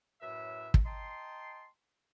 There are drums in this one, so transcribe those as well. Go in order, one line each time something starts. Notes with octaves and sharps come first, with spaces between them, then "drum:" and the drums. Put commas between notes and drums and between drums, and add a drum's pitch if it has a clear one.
F#2 A2 B4 E5
drum: kick
D#5 G5 A5 A#5 C6